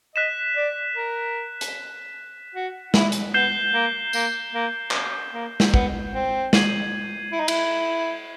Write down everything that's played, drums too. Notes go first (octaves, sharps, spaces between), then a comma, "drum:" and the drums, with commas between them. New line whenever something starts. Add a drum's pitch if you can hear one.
D#5 F#6 B6 E7
D5
A#4
drum: hi-hat
F#4
E4, drum: snare
drum: hi-hat
B3 G6 C7 E7 G7
A#3
A#3, drum: tambourine
A#3
drum: clap
A#3
drum: snare
B3, drum: kick
C4
G#6 C7 D#7 F#7, drum: snare
E4
D#4
E4, drum: cymbal